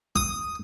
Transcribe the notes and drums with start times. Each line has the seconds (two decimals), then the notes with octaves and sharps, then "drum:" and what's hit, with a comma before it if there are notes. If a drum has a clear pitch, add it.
0.16 D#6, drum: kick B1